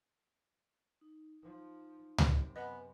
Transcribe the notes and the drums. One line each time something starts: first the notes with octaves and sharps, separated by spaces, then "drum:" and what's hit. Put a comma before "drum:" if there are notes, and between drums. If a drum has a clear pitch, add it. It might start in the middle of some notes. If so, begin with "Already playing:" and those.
D#4
F3 D#4
F#2 C3, drum: tom C#2
B3 B4 D#5 F#5 G#5 B5